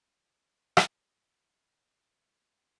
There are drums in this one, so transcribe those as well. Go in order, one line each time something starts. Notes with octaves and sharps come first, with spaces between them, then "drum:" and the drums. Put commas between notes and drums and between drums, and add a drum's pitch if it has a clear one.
drum: rim click
D3
D2 C4 D#4 A4